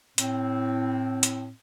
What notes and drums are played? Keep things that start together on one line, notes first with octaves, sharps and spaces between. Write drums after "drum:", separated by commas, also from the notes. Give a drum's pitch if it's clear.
A2 C4, drum: hi-hat
drum: hi-hat